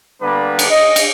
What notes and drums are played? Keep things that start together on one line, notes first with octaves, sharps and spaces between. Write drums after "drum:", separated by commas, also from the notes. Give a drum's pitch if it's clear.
D3 G3 A#3 B3 D4 B4
drum: cymbal
D#5
drum: cymbal